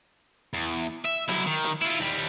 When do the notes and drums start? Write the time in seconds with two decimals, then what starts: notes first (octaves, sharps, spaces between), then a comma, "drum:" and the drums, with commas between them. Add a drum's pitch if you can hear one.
0.54 E2
1.05 E5
1.29 F#2 E4, drum: hi-hat
1.46 D#3
1.64 drum: hi-hat
1.82 E4 F4
2.00 D#2 G3